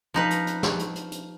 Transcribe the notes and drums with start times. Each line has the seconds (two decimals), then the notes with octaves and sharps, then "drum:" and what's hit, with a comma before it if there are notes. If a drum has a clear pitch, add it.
0.14 F3 D#4 B4
0.31 drum: hi-hat
0.47 drum: hi-hat
0.63 drum: snare
0.79 drum: hi-hat
0.95 drum: hi-hat
1.12 drum: hi-hat